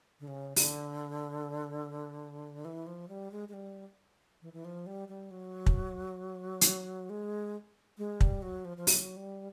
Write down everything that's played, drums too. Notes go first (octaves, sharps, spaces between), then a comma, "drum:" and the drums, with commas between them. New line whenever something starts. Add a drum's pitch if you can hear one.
D3
C#3
D3, drum: open hi-hat
E3
F3
G3
G#3
G#3
G3
E3
E3
F3
G3
G3
F#3
drum: kick
drum: hi-hat
G#3
G#3
G3, drum: kick
F#3
F3
F3
F#3, drum: open hi-hat
G3